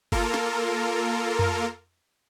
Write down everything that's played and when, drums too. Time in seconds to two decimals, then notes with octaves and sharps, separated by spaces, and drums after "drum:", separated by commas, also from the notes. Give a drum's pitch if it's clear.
0.12 A#3 F4 A4 A#4, drum: kick F#1
0.34 drum: snare
1.39 drum: tom F2